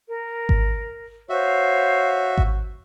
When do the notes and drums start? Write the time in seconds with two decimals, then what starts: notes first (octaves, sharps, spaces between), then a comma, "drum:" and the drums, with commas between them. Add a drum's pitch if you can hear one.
0.09 A#4
0.49 drum: kick G#1
1.29 F#4 C5 C#5 E5 F5
2.38 drum: kick G#1